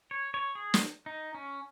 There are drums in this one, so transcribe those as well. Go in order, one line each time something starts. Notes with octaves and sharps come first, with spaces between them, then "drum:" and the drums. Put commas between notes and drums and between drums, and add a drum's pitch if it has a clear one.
C#5
C#5
G#4
drum: snare
D#4
C#4